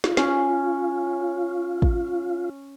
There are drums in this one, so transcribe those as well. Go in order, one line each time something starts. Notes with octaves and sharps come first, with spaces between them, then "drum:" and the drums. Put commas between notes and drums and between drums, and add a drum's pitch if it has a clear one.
F4, drum: snare
C#4, drum: snare
drum: kick